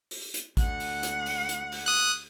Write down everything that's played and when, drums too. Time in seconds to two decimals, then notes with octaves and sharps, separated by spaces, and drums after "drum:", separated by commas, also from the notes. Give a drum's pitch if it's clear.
0.11 drum: open hi-hat
0.34 drum: hi-hat
0.57 D2 F#5, drum: kick A1, hi-hat
0.80 drum: open hi-hat
1.03 drum: hi-hat
1.26 drum: open hi-hat
1.49 drum: hi-hat
1.72 drum: open hi-hat
1.86 D#6 F#6